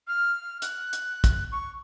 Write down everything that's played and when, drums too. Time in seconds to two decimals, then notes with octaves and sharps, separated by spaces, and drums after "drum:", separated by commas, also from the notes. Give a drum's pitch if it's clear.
0.07 F6
0.62 F#6, drum: hi-hat
0.93 drum: hi-hat
1.24 drum: kick, hi-hat
1.52 C#6